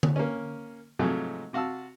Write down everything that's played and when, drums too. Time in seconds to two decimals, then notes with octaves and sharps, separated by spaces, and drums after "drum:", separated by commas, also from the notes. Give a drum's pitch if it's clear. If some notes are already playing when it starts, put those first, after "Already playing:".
0.03 drum: tom D3
0.16 A#3 C#4
0.99 G#2 C3 F3 F#3 G#3 A3
1.53 C3 F#4 F5 A5 E6